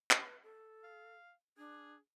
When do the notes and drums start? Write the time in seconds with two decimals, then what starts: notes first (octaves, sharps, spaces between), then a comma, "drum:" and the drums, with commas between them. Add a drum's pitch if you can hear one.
0.11 drum: clap
0.20 B4
0.43 A4
0.84 F5
1.58 D4 G#4